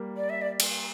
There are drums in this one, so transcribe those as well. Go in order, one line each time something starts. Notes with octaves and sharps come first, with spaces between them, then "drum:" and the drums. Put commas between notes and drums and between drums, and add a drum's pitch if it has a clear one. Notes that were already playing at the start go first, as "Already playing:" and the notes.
Already playing: G3 A#3
D5
E5
D5
drum: cymbal